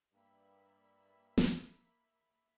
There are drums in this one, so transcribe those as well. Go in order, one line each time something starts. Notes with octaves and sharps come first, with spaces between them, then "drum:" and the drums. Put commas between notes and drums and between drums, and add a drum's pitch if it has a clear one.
G2 A#3 E5 B5
drum: snare